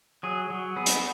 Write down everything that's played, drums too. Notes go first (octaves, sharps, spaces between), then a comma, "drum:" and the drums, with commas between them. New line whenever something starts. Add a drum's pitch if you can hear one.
F#3 G#4
F#3
B3 G#4
drum: hi-hat